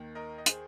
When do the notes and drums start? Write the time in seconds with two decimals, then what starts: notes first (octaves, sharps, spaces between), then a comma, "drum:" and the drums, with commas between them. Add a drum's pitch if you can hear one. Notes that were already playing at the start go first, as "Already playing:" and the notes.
Already playing: D#2 D#3
0.15 A#4 D#5
0.38 D#5
0.46 G#4 C5, drum: hi-hat